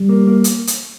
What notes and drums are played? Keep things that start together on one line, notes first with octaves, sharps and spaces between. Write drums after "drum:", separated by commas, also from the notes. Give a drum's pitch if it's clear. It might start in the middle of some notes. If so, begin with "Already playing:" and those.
Already playing: G3
A#3
A#3
drum: hi-hat
drum: hi-hat